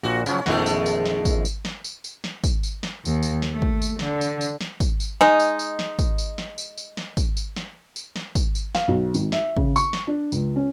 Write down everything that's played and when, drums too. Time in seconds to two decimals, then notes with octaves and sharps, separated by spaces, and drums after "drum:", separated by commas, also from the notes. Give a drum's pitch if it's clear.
0.03 A#1 A#2 F#4
0.26 C#3 F3 F#3 C#4, drum: tambourine
0.46 A#1 F2 D#3 G#3 A3 F#4, drum: snare
0.66 drum: tambourine
0.86 drum: tambourine
1.06 drum: snare
1.25 drum: kick, tambourine
1.45 drum: tambourine
1.65 drum: snare
1.84 drum: tambourine
2.04 drum: tambourine
2.24 drum: snare
2.44 drum: kick, tambourine
2.63 drum: tambourine
2.83 drum: snare
3.05 D#2, drum: tambourine
3.23 drum: tambourine
3.42 drum: snare
3.52 A3
3.62 drum: kick
3.82 drum: tambourine
3.99 D3, drum: snare
4.21 drum: tambourine
4.41 drum: tambourine
4.61 drum: snare
4.80 drum: kick, tambourine
5.00 drum: tambourine
5.21 G#3 D#4, drum: snare
5.39 drum: tambourine
5.59 drum: tambourine
5.79 drum: snare
5.99 drum: kick, tambourine
6.18 drum: tambourine
6.38 drum: snare
6.58 drum: tambourine
6.78 drum: tambourine
6.97 drum: snare
7.17 drum: kick, tambourine
7.37 drum: tambourine
7.56 drum: snare
7.96 drum: tambourine
8.16 drum: snare
8.35 drum: kick, tambourine
8.55 drum: tambourine
8.75 F5, drum: snare
8.88 B1
9.14 G#1, drum: tambourine
9.32 E5, drum: snare
9.57 C#3, drum: kick
9.76 C#6, drum: tambourine
9.93 drum: snare
10.07 D4
10.32 C#2, drum: tambourine
10.56 C#4